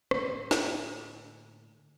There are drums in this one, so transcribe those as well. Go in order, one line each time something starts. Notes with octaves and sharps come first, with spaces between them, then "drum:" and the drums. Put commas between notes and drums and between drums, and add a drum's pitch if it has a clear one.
A2 D3 A3 A#3, drum: rim click
drum: snare